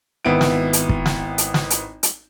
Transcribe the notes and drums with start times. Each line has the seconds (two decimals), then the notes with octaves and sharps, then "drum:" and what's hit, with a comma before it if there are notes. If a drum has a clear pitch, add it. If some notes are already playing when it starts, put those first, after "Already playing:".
0.25 G#1 B3 E4 D7
0.41 drum: snare
0.73 drum: hi-hat
0.89 drum: kick
1.06 drum: snare
1.38 drum: hi-hat
1.54 drum: snare
1.70 drum: hi-hat
2.03 drum: hi-hat